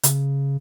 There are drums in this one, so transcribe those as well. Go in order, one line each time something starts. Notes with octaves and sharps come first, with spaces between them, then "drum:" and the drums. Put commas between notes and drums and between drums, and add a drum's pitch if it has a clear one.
C#3, drum: hi-hat